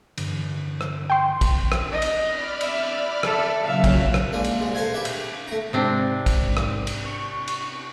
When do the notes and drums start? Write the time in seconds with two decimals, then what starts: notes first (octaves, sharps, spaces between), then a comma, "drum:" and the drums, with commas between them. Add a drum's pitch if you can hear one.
0.18 G2 D3 E3, drum: cymbal
0.81 drum: rim click
1.10 G5 C6
1.41 drum: kick, cymbal
1.72 drum: rim click
1.92 D#5
2.02 drum: cymbal
2.24 D5 B5 F6
2.61 E5, drum: cymbal
3.23 A4 E5, drum: rim click
3.62 A#2 C#3 F#3 E5 F5
3.84 drum: kick, cymbal
4.14 drum: rim click
4.33 G#3 A#3 D4
4.44 drum: cymbal
4.60 C2 G#3
4.75 A4 A#4 C5 F5 G#5
4.93 E4 G4 B4 E5
5.05 drum: cymbal
5.48 A3 A#5
5.73 G#2 C3 C4 D4
6.26 drum: kick, cymbal
6.57 drum: rim click
6.87 drum: cymbal
7.05 C#6
7.48 drum: cymbal